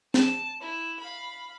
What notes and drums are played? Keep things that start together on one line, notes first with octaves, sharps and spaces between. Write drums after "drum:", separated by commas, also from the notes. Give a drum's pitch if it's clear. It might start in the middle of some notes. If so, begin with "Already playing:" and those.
A5, drum: snare
E4
F5 B5